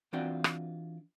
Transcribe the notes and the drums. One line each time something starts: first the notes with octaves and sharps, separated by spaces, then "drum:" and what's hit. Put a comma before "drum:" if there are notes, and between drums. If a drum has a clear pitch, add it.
E3 C4 D4 F4 F#4 G5
drum: rim click